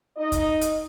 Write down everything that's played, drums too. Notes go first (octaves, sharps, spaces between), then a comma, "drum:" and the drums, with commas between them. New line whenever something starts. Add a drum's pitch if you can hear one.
D#4 D#5
drum: kick, hi-hat
drum: hi-hat